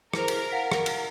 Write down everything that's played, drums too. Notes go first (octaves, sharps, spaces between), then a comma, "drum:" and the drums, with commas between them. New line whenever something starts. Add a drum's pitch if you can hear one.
E4 G#4 A#4 C5, drum: rim click
drum: cymbal
F5 F#5 B6
drum: rim click
drum: cymbal